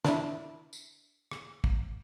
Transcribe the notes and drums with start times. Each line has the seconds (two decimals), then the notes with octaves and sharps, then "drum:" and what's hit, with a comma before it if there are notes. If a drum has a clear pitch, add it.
0.05 D4 E4, drum: snare
0.73 drum: tambourine
1.31 drum: rim click
1.64 drum: kick